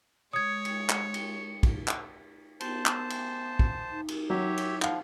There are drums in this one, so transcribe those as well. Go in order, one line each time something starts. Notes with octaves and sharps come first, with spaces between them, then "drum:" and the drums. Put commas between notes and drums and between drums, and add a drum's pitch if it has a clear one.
G#3 C#5 D#6 G#6 C#7
drum: cymbal
drum: clap
drum: cymbal
drum: kick, cymbal
drum: clap
B3 C5 A5, drum: cymbal
drum: clap
drum: cymbal
drum: kick
D#4
drum: cymbal
F#3 G4 C#5 E5
drum: cymbal
F3 F5 F#5, drum: clap